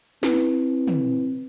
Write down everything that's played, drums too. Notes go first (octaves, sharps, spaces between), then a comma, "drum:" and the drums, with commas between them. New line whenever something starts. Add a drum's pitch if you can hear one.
C4 E4 B4, drum: snare
drum: tom